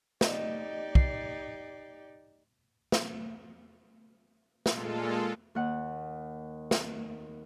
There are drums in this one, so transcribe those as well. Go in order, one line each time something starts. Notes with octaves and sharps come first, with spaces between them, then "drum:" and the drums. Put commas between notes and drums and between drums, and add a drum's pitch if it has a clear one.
D#4 G4 D5 D#5, drum: snare
C7, drum: kick
drum: snare
A#2 G#3 F4 A4, drum: snare
D#2 F#5
drum: snare